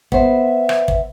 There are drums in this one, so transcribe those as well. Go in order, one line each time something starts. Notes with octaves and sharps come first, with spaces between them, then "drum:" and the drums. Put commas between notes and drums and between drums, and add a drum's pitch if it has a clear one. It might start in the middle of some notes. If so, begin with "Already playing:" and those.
B3 C5 E5, drum: kick
drum: rim click
drum: kick